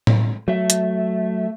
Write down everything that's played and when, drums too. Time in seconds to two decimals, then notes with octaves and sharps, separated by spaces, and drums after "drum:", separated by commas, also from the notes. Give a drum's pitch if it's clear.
0.07 drum: tom A2
0.48 F#3 A3 E5
0.70 drum: hi-hat